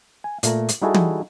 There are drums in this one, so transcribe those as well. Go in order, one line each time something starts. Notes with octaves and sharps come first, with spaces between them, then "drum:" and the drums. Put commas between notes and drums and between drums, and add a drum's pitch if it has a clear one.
G#5
A#2 A3 A#5, drum: hi-hat
drum: hi-hat
G3 D#4 E4 F#4 G#4 A4
drum: tom